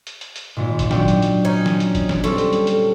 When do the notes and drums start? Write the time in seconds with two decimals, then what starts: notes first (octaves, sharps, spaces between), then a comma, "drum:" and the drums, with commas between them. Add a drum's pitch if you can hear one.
0.07 drum: hi-hat
0.21 drum: hi-hat
0.36 drum: hi-hat
0.57 G#1 A#2
0.79 drum: kick, hi-hat
0.91 F#3 D4 G5, drum: snare
1.08 drum: hi-hat
1.22 drum: hi-hat
1.45 C#4 D#4
1.66 drum: snare
1.80 drum: hi-hat
1.95 drum: kick, hi-hat
2.09 drum: snare
2.24 G3 C4 C#4 A4, drum: hi-hat
2.38 drum: hi-hat
2.53 drum: hi-hat
2.67 drum: hi-hat